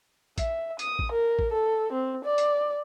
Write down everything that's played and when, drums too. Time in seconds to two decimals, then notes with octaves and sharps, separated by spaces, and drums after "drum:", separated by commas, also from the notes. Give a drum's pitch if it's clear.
0.38 E5, drum: kick A#1, hi-hat
0.79 D#6, drum: hi-hat
0.99 drum: kick A#1
1.12 A#4
1.39 drum: kick A#1
1.52 A4
1.92 C4
2.24 D5
2.38 drum: hi-hat